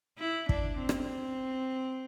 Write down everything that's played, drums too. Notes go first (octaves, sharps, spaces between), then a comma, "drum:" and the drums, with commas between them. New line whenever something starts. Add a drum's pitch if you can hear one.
E4
D4, drum: kick
C4
drum: rim click